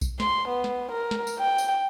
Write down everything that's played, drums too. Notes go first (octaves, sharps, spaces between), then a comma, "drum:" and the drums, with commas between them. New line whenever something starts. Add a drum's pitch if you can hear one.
drum: kick B1, tambourine
C6, drum: snare
B3
drum: snare
A#4
drum: snare
drum: tambourine
G5
drum: tambourine